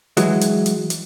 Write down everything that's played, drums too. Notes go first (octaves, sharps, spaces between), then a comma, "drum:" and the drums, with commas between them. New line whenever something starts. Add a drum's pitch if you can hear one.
E3 F#3 G#3, drum: hi-hat
drum: hi-hat
drum: hi-hat
drum: hi-hat